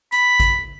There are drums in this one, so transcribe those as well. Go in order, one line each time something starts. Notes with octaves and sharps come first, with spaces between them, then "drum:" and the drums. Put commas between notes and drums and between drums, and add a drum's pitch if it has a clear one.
B5, drum: hi-hat
drum: kick, hi-hat